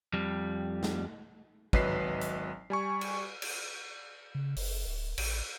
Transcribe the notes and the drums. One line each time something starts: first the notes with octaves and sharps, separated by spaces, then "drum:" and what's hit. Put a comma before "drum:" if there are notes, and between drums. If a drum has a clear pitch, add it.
F2 G3
drum: snare
G#1 F#3 B4 D#5 B6 C7, drum: kick
drum: hi-hat
G3 G#5 C#6
drum: cymbal
drum: cymbal
C#3
F#1, drum: open hi-hat
D1
A1, drum: cymbal